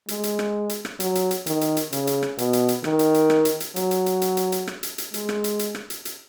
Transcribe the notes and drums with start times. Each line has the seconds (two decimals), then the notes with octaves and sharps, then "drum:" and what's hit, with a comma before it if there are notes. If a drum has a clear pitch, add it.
0.08 G#3, drum: hi-hat
0.24 drum: hi-hat
0.39 drum: rim click
0.69 drum: hi-hat
0.85 drum: rim click
1.00 F#3, drum: hi-hat
1.15 drum: hi-hat
1.31 drum: hi-hat
1.46 D#3, drum: hi-hat
1.61 drum: hi-hat
1.77 drum: hi-hat
1.92 C#3, drum: hi-hat
2.07 drum: hi-hat
2.23 drum: rim click
2.38 B2, drum: hi-hat
2.53 drum: hi-hat
2.68 drum: hi-hat
2.84 D#3, drum: rim click
2.99 drum: hi-hat
3.14 drum: hi-hat
3.30 drum: rim click
3.45 drum: hi-hat
3.60 drum: hi-hat
3.76 F#3, drum: hi-hat
3.91 drum: hi-hat
4.06 drum: hi-hat
4.22 drum: hi-hat
4.37 drum: hi-hat
4.52 drum: hi-hat
4.67 drum: rim click
4.83 drum: hi-hat
4.98 drum: hi-hat
5.14 G#3, drum: hi-hat
5.29 drum: rim click
5.44 drum: hi-hat
5.59 drum: hi-hat
5.75 drum: rim click
5.90 drum: hi-hat
6.05 drum: hi-hat